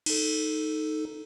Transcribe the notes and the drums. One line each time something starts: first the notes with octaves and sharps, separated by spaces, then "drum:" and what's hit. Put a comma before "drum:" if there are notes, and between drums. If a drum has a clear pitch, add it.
D#4 A4, drum: cymbal